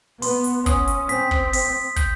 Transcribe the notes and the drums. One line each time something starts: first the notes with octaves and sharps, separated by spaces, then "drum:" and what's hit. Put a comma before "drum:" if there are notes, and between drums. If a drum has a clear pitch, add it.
B3 C6, drum: open hi-hat
drum: hi-hat
C#4 D#6, drum: kick, hi-hat
drum: hi-hat
C4 B6, drum: hi-hat
drum: kick
B6, drum: open hi-hat
G6, drum: kick, hi-hat